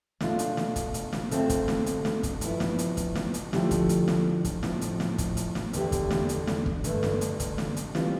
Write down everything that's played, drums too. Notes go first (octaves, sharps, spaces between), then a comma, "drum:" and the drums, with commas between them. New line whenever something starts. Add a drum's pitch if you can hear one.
B2 A3 D4 F4, drum: snare
drum: hi-hat
drum: snare
drum: kick, hi-hat
drum: hi-hat
drum: snare
D3 A3 C4 F4, drum: hi-hat
drum: kick, hi-hat
drum: snare
drum: hi-hat
drum: snare
drum: kick, hi-hat
G2 F3 B3 E4, drum: hi-hat
drum: snare
drum: hi-hat
drum: kick, hi-hat
drum: snare
drum: hi-hat
D3 F3 A3 E4 G4, drum: snare
drum: kick, hi-hat
drum: hi-hat
drum: snare
drum: kick, hi-hat
A2 F3 C4, drum: snare
drum: hi-hat
drum: snare
drum: kick, hi-hat
drum: hi-hat
drum: snare
E2 D3 A3 D4 G4, drum: hi-hat
drum: kick, hi-hat
drum: snare
drum: hi-hat
drum: snare
drum: kick
G2 D3 A3, drum: hi-hat
drum: snare
drum: hi-hat
drum: kick, hi-hat
drum: snare
drum: hi-hat
E3 G3 C4 F4, drum: snare